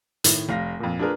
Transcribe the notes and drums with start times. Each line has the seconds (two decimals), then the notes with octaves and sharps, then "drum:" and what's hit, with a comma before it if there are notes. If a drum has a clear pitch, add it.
0.24 A2 D#3, drum: hi-hat
0.49 F1 F5 A#6
0.80 F2 A#2
0.99 D4 F4 G#4 A#4 B4